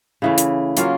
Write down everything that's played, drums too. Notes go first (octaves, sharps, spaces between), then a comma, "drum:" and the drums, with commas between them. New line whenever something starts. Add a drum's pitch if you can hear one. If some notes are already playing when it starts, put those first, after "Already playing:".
C#3 E3 A3
drum: hi-hat
F#3 A#3 C#4 F4, drum: hi-hat